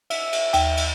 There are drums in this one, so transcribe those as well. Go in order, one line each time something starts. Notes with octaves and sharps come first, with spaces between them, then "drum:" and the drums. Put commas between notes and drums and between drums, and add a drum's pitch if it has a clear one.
E5, drum: cymbal
drum: cymbal
D#2 G5, drum: cymbal
drum: cymbal